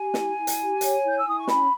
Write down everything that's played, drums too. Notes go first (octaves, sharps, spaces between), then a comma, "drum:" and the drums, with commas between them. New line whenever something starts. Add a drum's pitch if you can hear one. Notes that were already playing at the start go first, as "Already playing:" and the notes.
Already playing: G4 G#5
E4, drum: snare
E4
drum: hi-hat
G4
C#5, drum: hi-hat
E4
G6
E6
E4 D#6
C#6
C#4 B5, drum: snare